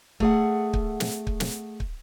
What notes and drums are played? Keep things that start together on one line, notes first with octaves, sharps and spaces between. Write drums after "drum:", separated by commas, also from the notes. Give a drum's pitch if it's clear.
A3 G#4 F#5, drum: kick
drum: kick
drum: snare
drum: kick
drum: snare
drum: kick